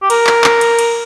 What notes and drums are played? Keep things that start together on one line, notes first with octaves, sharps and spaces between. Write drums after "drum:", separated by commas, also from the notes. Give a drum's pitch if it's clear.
G4
A#4, drum: cymbal
drum: clap
drum: clap
drum: cymbal
drum: cymbal